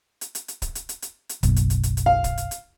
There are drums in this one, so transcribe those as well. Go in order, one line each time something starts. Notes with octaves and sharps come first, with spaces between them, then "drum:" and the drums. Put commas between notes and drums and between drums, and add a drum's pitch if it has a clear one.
drum: hi-hat
drum: hi-hat
drum: hi-hat
drum: kick C#1, hi-hat
drum: hi-hat
drum: hi-hat
drum: hi-hat
drum: hi-hat
F#1 B1, drum: kick C#1, hi-hat
drum: hi-hat
drum: hi-hat
drum: hi-hat
drum: hi-hat
F5
drum: kick C#1, hi-hat
drum: hi-hat
drum: hi-hat